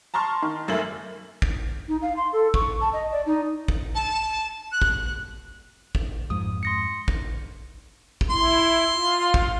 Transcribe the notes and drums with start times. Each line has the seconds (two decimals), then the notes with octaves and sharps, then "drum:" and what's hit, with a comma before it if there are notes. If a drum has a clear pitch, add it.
0.14 A5 A#5 C6 C#6 F6
0.42 D#3
0.68 G#1 F#2 A3 A#3 F#7
1.42 drum: kick
1.88 D#4
2.02 F5
2.16 C6
2.33 A4
2.54 C#6, drum: kick
2.81 A5
2.93 D#5
3.12 D5
3.26 D#4
3.68 drum: kick
3.95 A5
4.72 F#6
4.82 drum: kick
5.95 drum: kick
6.30 F2 G#2 D#6
6.63 C6 A#6 C#7
7.08 drum: kick
8.21 drum: kick
8.30 E4 C6
8.94 F4
9.34 drum: kick